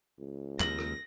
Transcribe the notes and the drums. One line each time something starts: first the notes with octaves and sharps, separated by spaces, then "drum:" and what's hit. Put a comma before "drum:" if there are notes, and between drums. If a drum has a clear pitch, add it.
C#2
D#2 A#6 F#7, drum: clap
drum: rim click